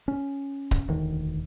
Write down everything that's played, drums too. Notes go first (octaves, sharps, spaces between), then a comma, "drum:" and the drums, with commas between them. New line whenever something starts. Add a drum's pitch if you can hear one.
C#4
drum: kick D1
E1 D2 D3 D#3